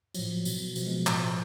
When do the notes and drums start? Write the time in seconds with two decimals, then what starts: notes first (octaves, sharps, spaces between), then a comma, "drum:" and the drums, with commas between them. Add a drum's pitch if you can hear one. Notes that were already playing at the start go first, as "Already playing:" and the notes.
0.15 A2 F3 F#3, drum: tambourine
0.45 B2, drum: tambourine
0.76 B2 F3, drum: tambourine
0.87 G#3
1.07 A2 F3, drum: clap